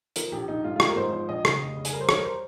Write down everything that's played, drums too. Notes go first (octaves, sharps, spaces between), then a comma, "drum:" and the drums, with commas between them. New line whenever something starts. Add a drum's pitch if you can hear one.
F3 A#4, drum: hi-hat
A#1 G4
A#1 D#4
G#2 F4
F4
F3 G4, drum: rim click
A#4
G#2 C5
F3 C5
A#1 D#5
C#3, drum: rim click
F1
C#3
G#4, drum: hi-hat
G3 A#4
C5
G3 C#5, drum: rim click
A#4
C5